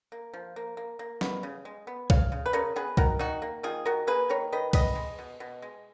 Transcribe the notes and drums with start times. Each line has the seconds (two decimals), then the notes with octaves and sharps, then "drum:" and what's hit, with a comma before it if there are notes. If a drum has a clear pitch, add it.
0.12 A#3
0.34 F3
0.56 A#3
0.77 A#3
0.99 A#3
1.21 B3, drum: snare
1.43 C#3
1.65 G#3
1.87 B3
2.10 C#3 C#5 F5, drum: kick C2
2.32 C#3
2.46 B4
2.53 C#3 A#4 C#5
2.76 B3 G#4 B4
2.97 D#3 F#4 A#4, drum: kick C2
3.19 D#3 D#4 F#4
3.42 A#3
3.63 D#3 F4 G#4
3.85 D#3 F#4 A#4
4.07 A#3 G#4 B4
4.29 D#3 A#4 C#5
4.52 D#3 B4 D#5
4.73 B3 B4 D#5, drum: kick C2, cymbal
4.95 G#3
5.19 B2
5.40 B2
5.62 G#3